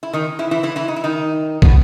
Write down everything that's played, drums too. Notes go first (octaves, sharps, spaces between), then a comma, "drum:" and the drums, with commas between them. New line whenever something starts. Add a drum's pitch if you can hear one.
E4
D#3 D#4
E3 E4
E3 E4
E3 E4
E3 E4
D#4
E4
D#3 D#4
B2 B3, drum: kick